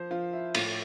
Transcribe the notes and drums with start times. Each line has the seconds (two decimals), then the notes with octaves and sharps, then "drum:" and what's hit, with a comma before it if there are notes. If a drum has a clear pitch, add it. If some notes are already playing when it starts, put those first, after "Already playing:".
Already playing: F3 C5
0.11 F3 F4
0.33 E4
0.55 A2 F4, drum: cymbal